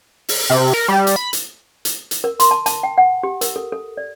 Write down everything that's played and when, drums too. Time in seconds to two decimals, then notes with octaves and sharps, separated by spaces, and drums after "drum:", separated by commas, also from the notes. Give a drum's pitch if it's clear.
0.29 drum: open hi-hat
0.50 C3
0.74 A#4
0.88 G3
1.07 drum: hi-hat
1.16 B5
1.33 drum: hi-hat
1.85 drum: hi-hat
2.11 drum: hi-hat
2.24 A#4
2.40 C6, drum: hi-hat
2.51 A5
2.66 A5, drum: hi-hat
2.83 G5
2.98 F#5
3.23 G4
3.41 A#4, drum: hi-hat
3.56 A4
3.72 A4
3.97 D5